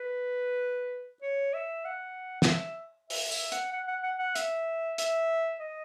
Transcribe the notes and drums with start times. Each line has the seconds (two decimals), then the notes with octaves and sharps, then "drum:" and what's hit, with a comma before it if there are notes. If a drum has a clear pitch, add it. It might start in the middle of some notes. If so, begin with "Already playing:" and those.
Already playing: B4
1.22 C#5
1.53 E5
1.85 F#5
2.42 F#5, drum: snare
2.48 E5
3.10 E5, drum: open hi-hat
3.31 E5, drum: tambourine
3.52 F#5, drum: hi-hat
3.73 F#5
3.88 F#5
4.03 F#5
4.19 F#5
4.35 E5, drum: hi-hat
4.98 E5, drum: hi-hat
5.61 D#5